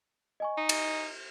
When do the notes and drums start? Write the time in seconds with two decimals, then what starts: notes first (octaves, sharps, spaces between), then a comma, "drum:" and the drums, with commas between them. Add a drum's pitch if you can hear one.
0.40 D#5 G#5 C#6
0.57 D#4
0.69 drum: cymbal